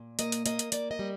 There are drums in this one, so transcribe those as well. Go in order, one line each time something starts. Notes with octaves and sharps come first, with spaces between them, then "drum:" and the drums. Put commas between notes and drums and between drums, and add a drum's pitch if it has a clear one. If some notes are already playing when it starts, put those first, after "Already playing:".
Already playing: A#2
A#3 D#5, drum: hi-hat
drum: hi-hat
A#3 D#5, drum: hi-hat
drum: hi-hat
A#3 D5, drum: hi-hat
D#5
G3